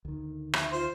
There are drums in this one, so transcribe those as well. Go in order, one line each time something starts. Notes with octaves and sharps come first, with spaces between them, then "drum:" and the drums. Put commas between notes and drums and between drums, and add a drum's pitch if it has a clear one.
D2 D#3
E5, drum: rim click
F4 C5